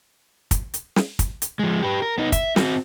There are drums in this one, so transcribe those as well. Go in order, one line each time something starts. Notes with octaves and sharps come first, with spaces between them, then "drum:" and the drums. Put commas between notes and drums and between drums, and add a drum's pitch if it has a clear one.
drum: kick, hi-hat
drum: hi-hat
drum: snare
drum: kick, hi-hat
drum: hi-hat
F3 G#3
G4 B4
A#4
B3 D#4
E5, drum: kick, hi-hat
C4 F#4, drum: snare